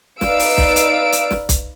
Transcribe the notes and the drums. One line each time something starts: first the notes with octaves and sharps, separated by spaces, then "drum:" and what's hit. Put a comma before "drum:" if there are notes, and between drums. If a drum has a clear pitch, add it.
D#4 B4 D5 F5 E6 D7, drum: snare
drum: open hi-hat
drum: kick B1
drum: hi-hat
drum: hi-hat
drum: snare
drum: kick B1, hi-hat